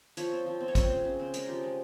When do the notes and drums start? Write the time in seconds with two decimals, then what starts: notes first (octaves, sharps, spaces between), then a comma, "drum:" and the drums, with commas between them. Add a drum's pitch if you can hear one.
0.17 F3 C#5, drum: hi-hat
0.32 C4
0.46 F3
0.61 C4
0.68 C#5
0.75 C4 C5, drum: kick, hi-hat
0.90 C#3
1.05 C#3
1.19 C4
1.34 G#3 A#4, drum: hi-hat
1.49 F3 G4
1.63 G#3